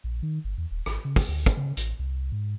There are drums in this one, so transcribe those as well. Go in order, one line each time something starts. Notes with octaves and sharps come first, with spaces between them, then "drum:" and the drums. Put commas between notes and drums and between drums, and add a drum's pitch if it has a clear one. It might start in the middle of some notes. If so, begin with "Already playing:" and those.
A#1
D#3
G1
E2
D#1
G#1, drum: rim click
C#3
drum: kick, open hi-hat
D2
drum: kick, hi-hat
C#3
A1, drum: hi-hat
C2
G#2